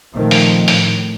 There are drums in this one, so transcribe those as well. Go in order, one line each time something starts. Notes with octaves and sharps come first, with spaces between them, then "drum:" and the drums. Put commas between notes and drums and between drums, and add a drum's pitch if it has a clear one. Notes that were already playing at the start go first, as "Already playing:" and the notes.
A#2 D#3 F3 A3 C4
drum: open hi-hat
A2, drum: open hi-hat